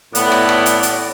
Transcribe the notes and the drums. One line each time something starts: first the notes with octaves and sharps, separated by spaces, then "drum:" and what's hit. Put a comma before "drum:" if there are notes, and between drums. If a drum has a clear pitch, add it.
A2 B3 C#5 D5, drum: hi-hat
drum: rim click
drum: rim click
drum: hi-hat
drum: hi-hat